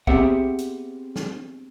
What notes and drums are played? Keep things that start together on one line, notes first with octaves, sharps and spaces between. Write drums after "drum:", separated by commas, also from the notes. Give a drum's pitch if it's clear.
B3 C4 G4 G#4 E5 F#5, drum: kick
drum: hi-hat
drum: snare